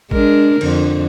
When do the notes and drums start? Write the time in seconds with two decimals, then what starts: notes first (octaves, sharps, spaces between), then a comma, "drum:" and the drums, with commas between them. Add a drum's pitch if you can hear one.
0.11 G#3 D4 A#4, drum: kick
0.61 F2 D3, drum: cymbal